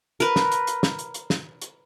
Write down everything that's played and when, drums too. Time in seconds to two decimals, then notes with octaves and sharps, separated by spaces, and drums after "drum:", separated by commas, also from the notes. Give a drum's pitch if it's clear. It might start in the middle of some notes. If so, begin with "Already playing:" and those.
0.20 A#4 B4, drum: hi-hat
0.36 drum: snare
0.52 drum: hi-hat
0.67 drum: hi-hat
0.83 drum: snare
0.99 drum: hi-hat
1.14 drum: hi-hat
1.30 drum: snare
1.62 drum: hi-hat